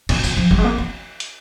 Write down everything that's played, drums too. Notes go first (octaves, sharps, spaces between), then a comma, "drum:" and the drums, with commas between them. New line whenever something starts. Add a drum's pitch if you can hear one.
A#2, drum: cymbal
A#2, drum: tambourine
F3
G3, drum: kick G1
G#3
A#3
A#3
drum: hi-hat